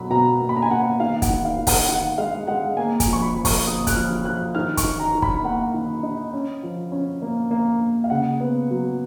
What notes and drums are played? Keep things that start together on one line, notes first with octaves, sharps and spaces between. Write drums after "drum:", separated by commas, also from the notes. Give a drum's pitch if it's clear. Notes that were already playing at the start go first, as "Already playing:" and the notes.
Already playing: B2 F#3 B5
B2 A#5
A#3
B5
A#5
G#5
A#3 F#5
D#3 F5
F#5, drum: kick, hi-hat
D#3
F5
D#3
F#5, drum: kick, open hi-hat
D#3 F#5
G#3 F5
G#3 F#5
A#3 G#5
G#5, drum: kick, hi-hat
F3
C#6
B5
F3
C#6, drum: kick, open hi-hat
A#3 D#6
F#6, drum: kick, hi-hat
F3 F6
F3 F#6
D#3 F6
C#6, drum: kick, hi-hat
D#3
A#5
D#3
B5, drum: kick
A#3 F#5
D#3
D#4
C#4
F3
C#4
A#3
A#3
A#3
F5
C#3 F#5
B3
F#3